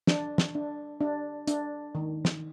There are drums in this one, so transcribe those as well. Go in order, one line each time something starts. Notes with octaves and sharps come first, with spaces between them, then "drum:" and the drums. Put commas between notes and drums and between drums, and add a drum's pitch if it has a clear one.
D4, drum: snare
drum: snare
D4
D4
D4, drum: hi-hat
D#3
drum: snare